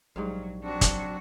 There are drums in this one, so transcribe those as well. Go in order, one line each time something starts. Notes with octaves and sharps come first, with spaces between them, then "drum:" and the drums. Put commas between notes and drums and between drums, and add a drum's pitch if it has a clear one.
A#1 G#2 F#3 G3 F5
F#3 C4 D4 F#4
drum: kick, hi-hat